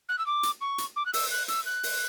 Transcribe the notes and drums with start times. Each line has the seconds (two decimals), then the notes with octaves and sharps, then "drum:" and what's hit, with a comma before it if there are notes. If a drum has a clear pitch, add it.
0.09 F#6
0.18 E6
0.26 D6
0.43 drum: hi-hat
0.61 C#6
0.78 drum: hi-hat
0.96 D6
1.06 F#6
1.13 E6, drum: open hi-hat
1.31 F#6
1.48 E6, drum: hi-hat
1.66 F#6
1.83 drum: open hi-hat